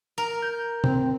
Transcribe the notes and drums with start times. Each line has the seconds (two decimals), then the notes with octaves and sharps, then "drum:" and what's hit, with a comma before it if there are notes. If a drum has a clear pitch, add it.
0.18 A#4
0.43 G6
0.84 C4, drum: tom